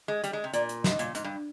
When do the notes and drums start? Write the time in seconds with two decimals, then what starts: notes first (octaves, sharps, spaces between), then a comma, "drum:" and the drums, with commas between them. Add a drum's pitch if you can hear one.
0.08 G#3
0.24 G3, drum: hi-hat
0.33 G#3
0.44 C3
0.53 A#2 D5, drum: hi-hat
0.69 drum: hi-hat
0.84 G#2 D#5, drum: snare
0.99 A#2, drum: hi-hat
1.15 G#2, drum: hi-hat
1.24 G2